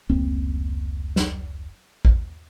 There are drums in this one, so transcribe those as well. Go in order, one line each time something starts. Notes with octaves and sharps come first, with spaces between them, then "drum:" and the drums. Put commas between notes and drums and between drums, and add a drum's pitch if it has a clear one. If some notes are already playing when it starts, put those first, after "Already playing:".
F1 C#2 A#3 C4
drum: snare
drum: kick